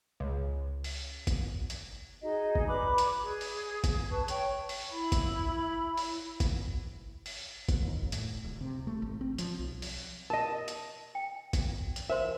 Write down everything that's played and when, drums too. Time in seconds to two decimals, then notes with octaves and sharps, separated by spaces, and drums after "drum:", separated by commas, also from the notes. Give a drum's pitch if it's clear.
0.20 C#2
0.84 drum: open hi-hat
1.27 drum: kick, hi-hat
1.70 drum: hi-hat
2.22 D#4 F#4 G#4 D#5
2.55 drum: kick
2.67 B4 D5 B5 D6
2.98 drum: hi-hat
3.22 G#4
3.41 drum: open hi-hat
3.84 drum: kick, hi-hat
4.09 B4 A5 C#6
4.28 C#5 G5 C#6, drum: hi-hat
4.69 drum: open hi-hat
4.91 E4 B5
5.12 drum: kick, hi-hat
5.97 drum: open hi-hat
6.40 drum: kick, hi-hat
7.26 drum: open hi-hat
7.69 drum: kick, hi-hat
7.82 D#2
7.96 F1
8.12 A2, drum: hi-hat
8.44 D1
8.61 C3
8.87 A3
9.02 G#1
9.21 C4
9.38 F3, drum: hi-hat
9.59 B1
9.82 drum: open hi-hat
10.30 A#4 D#5 A5
10.68 drum: hi-hat
11.15 G5
11.53 drum: kick, hi-hat
11.96 drum: hi-hat
12.10 A#4 C5 E5 C6